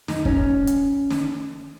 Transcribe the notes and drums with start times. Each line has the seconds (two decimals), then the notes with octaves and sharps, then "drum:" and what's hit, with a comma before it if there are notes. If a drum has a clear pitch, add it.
0.08 D#4, drum: snare
0.25 C#4, drum: kick
0.67 drum: hi-hat
1.11 drum: snare